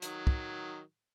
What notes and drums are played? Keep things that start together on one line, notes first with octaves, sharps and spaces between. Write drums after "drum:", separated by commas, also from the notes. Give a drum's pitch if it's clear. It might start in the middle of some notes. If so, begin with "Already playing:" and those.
D#3 F#3, drum: hi-hat
drum: kick